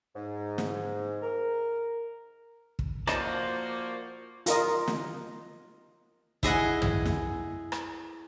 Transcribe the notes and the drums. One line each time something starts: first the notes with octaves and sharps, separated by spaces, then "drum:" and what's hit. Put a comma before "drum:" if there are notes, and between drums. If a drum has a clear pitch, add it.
G#2
drum: snare
A#4
drum: kick
F3 A#3 F4 F#4 C5 D5 D#5 A5, drum: rim click
F4 A#4 D#5, drum: hi-hat
drum: snare
E4 G#4 D#5 F#5, drum: kick
drum: tom
drum: snare
drum: rim click